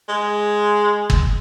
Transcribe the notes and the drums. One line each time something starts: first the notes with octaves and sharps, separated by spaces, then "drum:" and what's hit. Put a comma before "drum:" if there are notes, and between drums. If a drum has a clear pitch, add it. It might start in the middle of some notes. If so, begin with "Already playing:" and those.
G#3
drum: kick